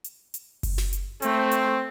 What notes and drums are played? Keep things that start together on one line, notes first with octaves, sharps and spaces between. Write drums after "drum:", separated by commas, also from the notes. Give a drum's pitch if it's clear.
drum: hi-hat
drum: hi-hat
drum: kick F#1, open hi-hat
drum: snare
drum: hi-hat
A3 C4, drum: hi-hat
drum: hi-hat